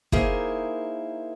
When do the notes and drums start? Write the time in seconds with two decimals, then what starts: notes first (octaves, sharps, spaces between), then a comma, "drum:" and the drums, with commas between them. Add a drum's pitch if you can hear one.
0.12 A#3 D#4 E4 G#4 A#4 C5, drum: kick